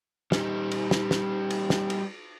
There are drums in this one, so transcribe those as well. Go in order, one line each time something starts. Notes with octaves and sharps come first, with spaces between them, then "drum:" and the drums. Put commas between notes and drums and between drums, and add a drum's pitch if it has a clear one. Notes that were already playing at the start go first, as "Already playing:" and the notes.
G3 D#4, drum: snare
drum: cymbal
drum: snare
drum: snare
drum: cymbal
drum: snare
drum: cymbal